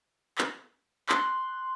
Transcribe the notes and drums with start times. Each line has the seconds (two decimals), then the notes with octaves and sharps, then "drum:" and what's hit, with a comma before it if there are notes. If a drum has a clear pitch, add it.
0.38 drum: clap
1.09 C6 F#6, drum: clap